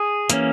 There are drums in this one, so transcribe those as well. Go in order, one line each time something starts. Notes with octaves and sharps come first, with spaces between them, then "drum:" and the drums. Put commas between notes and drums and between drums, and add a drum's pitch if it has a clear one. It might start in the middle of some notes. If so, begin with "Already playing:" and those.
Already playing: G#4
E3 A#3 C#4, drum: hi-hat